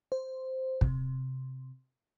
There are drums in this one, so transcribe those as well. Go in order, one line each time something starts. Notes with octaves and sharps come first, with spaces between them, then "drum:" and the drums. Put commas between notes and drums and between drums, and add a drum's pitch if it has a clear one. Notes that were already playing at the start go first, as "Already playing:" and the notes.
C5
C3, drum: kick